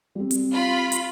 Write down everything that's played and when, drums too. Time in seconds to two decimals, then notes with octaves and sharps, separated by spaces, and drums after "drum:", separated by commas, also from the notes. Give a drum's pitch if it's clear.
0.15 G3 C4
0.31 drum: hi-hat
0.52 F4 B5
0.92 drum: hi-hat